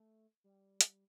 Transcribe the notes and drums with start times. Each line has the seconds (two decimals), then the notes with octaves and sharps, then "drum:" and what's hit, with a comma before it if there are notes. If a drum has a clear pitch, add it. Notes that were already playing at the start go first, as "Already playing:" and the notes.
Already playing: A3
0.44 G3
0.81 drum: hi-hat